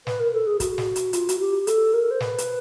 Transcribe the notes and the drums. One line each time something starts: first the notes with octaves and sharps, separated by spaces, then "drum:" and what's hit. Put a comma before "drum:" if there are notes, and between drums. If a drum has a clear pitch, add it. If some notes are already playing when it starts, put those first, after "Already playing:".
B4, drum: snare
A#4
A4
G#4
F#4, drum: kick, hi-hat
drum: snare
drum: hi-hat
F4, drum: hi-hat
F#4, drum: hi-hat
G4
A4, drum: hi-hat
A#4
C5
B4, drum: snare
drum: hi-hat